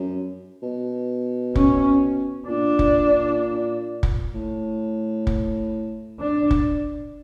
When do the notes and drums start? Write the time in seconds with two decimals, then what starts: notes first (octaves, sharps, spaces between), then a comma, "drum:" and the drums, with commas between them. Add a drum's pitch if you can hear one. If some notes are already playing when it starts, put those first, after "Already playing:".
Already playing: F#2
0.63 B2
1.55 C#4, drum: kick
2.48 A#2 D4
2.79 drum: kick
4.03 drum: kick
4.34 A2
5.27 drum: kick
6.20 D4
6.51 drum: kick